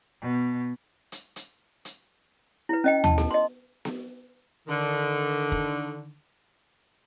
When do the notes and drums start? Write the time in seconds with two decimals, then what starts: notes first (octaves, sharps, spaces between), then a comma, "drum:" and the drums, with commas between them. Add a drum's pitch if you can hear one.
0.22 B2
1.12 drum: hi-hat
1.36 drum: hi-hat
1.85 drum: hi-hat
2.69 E4 B4
2.84 C#4 D#5 G5
3.04 A5, drum: tom D#2
3.18 A4, drum: snare B3
3.31 D#5 C6
3.85 drum: snare B3
4.68 D3 D#3
5.52 drum: kick